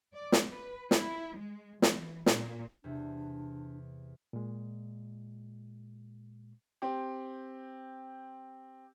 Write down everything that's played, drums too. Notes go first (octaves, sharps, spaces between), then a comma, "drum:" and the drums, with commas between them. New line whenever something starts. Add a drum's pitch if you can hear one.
D5
drum: snare
B4
E4, drum: snare
G#3
E3, drum: snare
A#2, drum: snare
E2 C3 D4
A#2 G#3
C4 G4